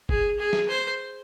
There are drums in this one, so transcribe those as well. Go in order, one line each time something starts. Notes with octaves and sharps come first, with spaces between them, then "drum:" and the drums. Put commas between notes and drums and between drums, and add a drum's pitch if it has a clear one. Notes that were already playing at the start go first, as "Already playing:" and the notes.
G#4, drum: kick F#1
G#4
drum: snare
C5